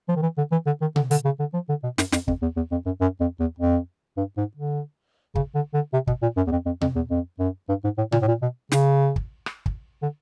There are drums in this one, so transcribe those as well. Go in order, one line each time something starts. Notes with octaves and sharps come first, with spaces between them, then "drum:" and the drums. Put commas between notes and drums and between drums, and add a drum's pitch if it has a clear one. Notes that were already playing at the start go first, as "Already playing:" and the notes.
F3
D#3
E3
D3
E3
D3
D#3
D3, drum: tom B2
D3, drum: hi-hat
C#3
D3
F3
D3
B2
F#2, drum: snare
F2, drum: snare
F2, drum: kick
E2
E2
F2
F#2
F#2
F2
E2
F2
G2
G#2
D3
C#3, drum: kick
D3
D3
C3
B2, drum: kick
A#2
F#2
E2
F2
F2
F2, drum: tom B2
E2
F2
F#2
G2
G#2
A2
A#2, drum: tom B2
A2
A#2
B2
C#3, drum: snare
drum: kick
drum: rim click
drum: kick
D3